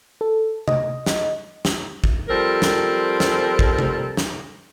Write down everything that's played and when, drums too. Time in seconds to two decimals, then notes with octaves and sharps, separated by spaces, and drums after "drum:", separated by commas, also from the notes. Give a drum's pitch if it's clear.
0.21 A4
0.68 D#5, drum: tom C3
1.06 drum: snare
1.65 drum: snare
2.04 drum: kick
2.29 F3 G3 C4 A4 A#4
2.62 drum: snare
3.20 drum: snare
3.59 drum: kick
3.79 drum: tom C3
4.17 drum: snare